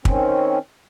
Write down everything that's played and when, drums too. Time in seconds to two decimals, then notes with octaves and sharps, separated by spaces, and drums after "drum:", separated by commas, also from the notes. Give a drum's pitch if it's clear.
0.05 D#3 C4 C#4, drum: kick